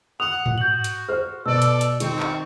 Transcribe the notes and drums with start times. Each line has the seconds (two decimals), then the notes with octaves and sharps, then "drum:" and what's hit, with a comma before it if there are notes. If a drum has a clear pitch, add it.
0.20 F#5 D#6 F7
0.46 drum: tom G#2
0.58 F#4 G6 F#7
0.84 drum: hi-hat
1.09 C5 F6
1.46 B2 A4 D5 E6
1.62 drum: hi-hat
1.81 drum: hi-hat
2.00 D#3 C4 C#6, drum: hi-hat
2.20 drum: clap